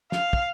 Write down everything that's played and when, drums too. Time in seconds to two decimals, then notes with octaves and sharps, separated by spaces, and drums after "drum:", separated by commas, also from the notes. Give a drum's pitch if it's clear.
0.12 F5, drum: snare
0.33 drum: kick